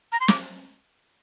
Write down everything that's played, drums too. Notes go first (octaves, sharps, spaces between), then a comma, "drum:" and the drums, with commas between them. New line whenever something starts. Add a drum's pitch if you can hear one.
A#5
C6
D6, drum: snare